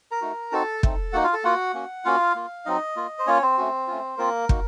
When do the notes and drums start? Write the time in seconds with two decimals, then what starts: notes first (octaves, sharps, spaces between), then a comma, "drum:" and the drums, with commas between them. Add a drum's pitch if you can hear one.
0.11 A#4 A#5
0.21 A3 D#4 F#4
0.52 C4 D#4 F#4 A4 A5
0.83 A3 C4 D#4, drum: kick
1.13 A#3 D#4 F#4 F#5
1.24 F4 F5
1.34 A4 A5
1.44 A#3 F4 F#4 F#5
1.74 A#3 C#4 F#4
2.05 A#3 C#4 F4 F#4 F5
2.35 A#3 F4
2.66 F#3 C4 D#4 D#5
2.96 A#3 F4
3.19 C5
3.26 A#3 C#4 F4 C#5
3.42 C4 C5
3.58 A3 C#4 F#4
3.88 A3 C#4 F4
4.18 A#3 C4 F4 A#4
4.49 A#3 D#4 F#4, drum: kick